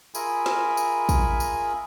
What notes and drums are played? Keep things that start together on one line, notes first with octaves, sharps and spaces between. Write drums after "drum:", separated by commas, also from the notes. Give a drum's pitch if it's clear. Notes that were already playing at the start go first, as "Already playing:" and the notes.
F4 G#4 A#4 E5 G#5 B5, drum: tambourine
drum: snare
drum: tambourine
drum: kick, tambourine
drum: tambourine